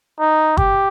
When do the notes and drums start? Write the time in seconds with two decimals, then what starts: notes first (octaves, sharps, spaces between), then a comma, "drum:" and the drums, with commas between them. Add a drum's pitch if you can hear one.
0.20 D#4
0.57 G4, drum: kick